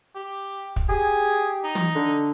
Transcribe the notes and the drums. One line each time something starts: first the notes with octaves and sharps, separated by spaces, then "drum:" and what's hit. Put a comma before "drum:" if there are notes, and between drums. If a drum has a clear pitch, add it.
G4
drum: kick
G4 G#4
D#4
drum: tom
D3